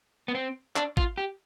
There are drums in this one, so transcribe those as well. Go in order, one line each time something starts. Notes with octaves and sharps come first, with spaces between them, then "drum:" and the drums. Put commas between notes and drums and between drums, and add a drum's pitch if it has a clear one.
B3
C4
D4, drum: clap
F4, drum: kick
G4